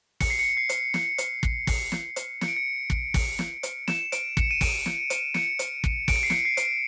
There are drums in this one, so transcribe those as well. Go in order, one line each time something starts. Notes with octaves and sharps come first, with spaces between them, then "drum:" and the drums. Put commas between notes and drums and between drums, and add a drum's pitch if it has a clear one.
C#7, drum: kick, open hi-hat
C7
C#7
C7
drum: hi-hat
drum: snare
drum: hi-hat
drum: kick
drum: kick, open hi-hat
drum: snare
drum: hi-hat
C#7, drum: snare
D7
C#7
drum: kick
drum: kick, open hi-hat
drum: snare
drum: hi-hat
E7, drum: snare
D7, drum: hi-hat
C#7, drum: kick
D#7
D7, drum: kick, open hi-hat
drum: snare
drum: hi-hat
C#7, drum: snare
drum: hi-hat
drum: kick
D7, drum: kick, open hi-hat
C#7
C7
C#7, drum: snare
C7
drum: hi-hat